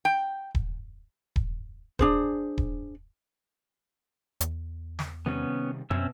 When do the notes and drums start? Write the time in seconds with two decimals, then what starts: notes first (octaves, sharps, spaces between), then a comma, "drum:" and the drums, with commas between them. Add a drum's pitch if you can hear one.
0.05 G5
0.55 drum: kick D#1
1.36 drum: kick D#1
1.99 D4 G#4 C5, drum: kick D#1
2.58 drum: kick D#1
4.41 E2, drum: hi-hat
4.99 drum: snare
5.26 C3 D#3 G3 B3 C#4
5.90 F#2 B2 C4 C#4 E5